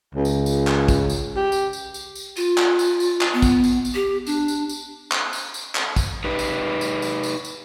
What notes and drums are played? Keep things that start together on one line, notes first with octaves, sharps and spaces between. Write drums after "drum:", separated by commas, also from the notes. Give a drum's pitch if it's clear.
C#2
drum: tambourine
drum: tambourine
drum: clap
drum: kick, tambourine
drum: tambourine
G4
drum: tambourine
drum: tambourine
drum: tambourine
drum: tambourine
F4, drum: tambourine
drum: clap
drum: tambourine
drum: tambourine
drum: clap
B3
drum: kick, tambourine
drum: tambourine
drum: tambourine
G4
D4, drum: tambourine
drum: tambourine
drum: tambourine
drum: clap
drum: tambourine
drum: tambourine
drum: clap
drum: kick, tambourine
D#4 G4 B4
drum: tambourine
drum: tambourine
drum: tambourine
drum: tambourine
drum: tambourine